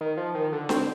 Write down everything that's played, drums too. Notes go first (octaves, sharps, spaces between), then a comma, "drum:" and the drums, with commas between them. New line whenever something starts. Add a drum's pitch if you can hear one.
D#3
F3
D#3
D3
C4, drum: snare D4